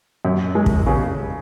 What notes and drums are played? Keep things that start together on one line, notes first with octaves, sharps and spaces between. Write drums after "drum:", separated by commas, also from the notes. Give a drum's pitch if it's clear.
F#2
G#3
drum: kick
C#3